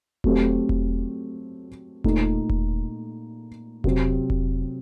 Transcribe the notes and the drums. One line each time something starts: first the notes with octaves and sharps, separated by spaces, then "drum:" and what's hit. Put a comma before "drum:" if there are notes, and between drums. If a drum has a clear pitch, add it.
F#3 A3 C4 G4, drum: kick E1
drum: kick E1
A#2 A3 D#4, drum: kick E1
drum: kick E1
C3 F#3 C4 G4, drum: kick E1
drum: kick E1